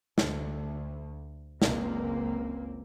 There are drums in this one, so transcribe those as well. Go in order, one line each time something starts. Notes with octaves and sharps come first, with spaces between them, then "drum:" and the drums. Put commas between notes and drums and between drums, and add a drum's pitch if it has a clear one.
D2, drum: snare
F#1 C#2 A#3 C4, drum: snare